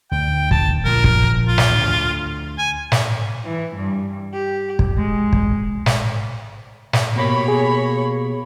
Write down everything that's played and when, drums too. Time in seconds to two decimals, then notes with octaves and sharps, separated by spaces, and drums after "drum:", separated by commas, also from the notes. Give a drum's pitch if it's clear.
0.11 D2 G5
0.51 A5, drum: kick
0.85 A#1 F3 A#4
1.04 drum: kick
1.48 F4
1.58 drum: snare
1.70 D2
2.58 G#5
2.92 drum: snare
3.45 E3
3.76 G2
4.34 G4
4.79 drum: kick
4.97 G#3
5.33 drum: kick
5.86 drum: snare
6.93 drum: snare
7.16 B2 A#3 G4 C#5 B5
7.48 G#4